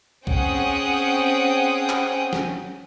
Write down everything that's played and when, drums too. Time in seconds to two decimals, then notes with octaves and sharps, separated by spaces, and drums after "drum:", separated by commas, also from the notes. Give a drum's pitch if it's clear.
0.27 C4 C#4 G#4 F#5 G5 D#6, drum: kick
1.89 drum: clap
2.33 drum: snare